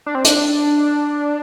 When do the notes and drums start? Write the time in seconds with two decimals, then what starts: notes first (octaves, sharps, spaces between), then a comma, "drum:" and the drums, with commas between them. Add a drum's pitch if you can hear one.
0.06 D4
0.15 C4
0.24 D4, drum: hi-hat